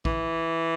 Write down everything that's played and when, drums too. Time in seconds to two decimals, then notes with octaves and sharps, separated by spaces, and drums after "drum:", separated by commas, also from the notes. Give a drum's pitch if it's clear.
0.05 E3, drum: kick